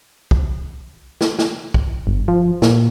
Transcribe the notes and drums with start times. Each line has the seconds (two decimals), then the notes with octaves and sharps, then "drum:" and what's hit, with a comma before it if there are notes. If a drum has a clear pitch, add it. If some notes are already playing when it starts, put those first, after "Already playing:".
0.31 drum: kick
1.21 drum: snare
1.39 drum: snare
1.74 drum: kick
2.07 G1
2.28 F3
2.62 A#2, drum: snare